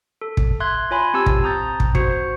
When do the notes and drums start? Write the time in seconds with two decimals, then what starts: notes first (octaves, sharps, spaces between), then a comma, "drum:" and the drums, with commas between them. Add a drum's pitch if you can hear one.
0.21 A4
0.37 drum: kick
0.60 E5 C6 F#6 G#6
0.91 F4 C#5 G#5 B5 C6
1.14 C4 G4 A5 E6 G#6
1.26 drum: kick
1.43 C4 A#5 D#6 G6 A6
1.80 drum: kick
1.95 F#4 C5 C#7, drum: kick